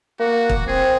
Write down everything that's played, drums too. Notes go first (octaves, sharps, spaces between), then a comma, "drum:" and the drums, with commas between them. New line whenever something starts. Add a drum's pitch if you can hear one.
A#3 F#4
drum: kick
C4 G#4